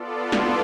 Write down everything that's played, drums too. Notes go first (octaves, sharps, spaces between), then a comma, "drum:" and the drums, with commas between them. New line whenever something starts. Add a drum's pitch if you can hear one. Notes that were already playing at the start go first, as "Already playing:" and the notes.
Already playing: B3 F4 A4 D5
drum: snare